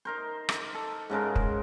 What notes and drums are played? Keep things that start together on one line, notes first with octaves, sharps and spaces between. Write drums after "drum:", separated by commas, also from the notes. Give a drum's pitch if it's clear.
D#4 A#4 C5
drum: rim click
A4
G#2 C#3 G#3 A#4
drum: kick